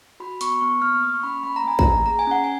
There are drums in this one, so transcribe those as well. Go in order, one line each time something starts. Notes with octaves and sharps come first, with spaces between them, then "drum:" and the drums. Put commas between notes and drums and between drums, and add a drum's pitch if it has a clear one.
F#4 B5
B3 C#6, drum: hi-hat
B3 C#6
A#3 F6
A#3 D#6
C#6
C#4 B5
A#3 B5
A#5
A#3 G#5
A#5, drum: kick A1
A#3
G#4 A#5
G#5
C#4 F#5
G#5